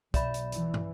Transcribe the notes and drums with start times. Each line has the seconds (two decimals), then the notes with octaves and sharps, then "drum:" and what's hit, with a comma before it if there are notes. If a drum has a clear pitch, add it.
0.14 B1 D5 E5 B5, drum: kick, hi-hat
0.34 drum: hi-hat
0.52 E3, drum: hi-hat
0.74 drum: tom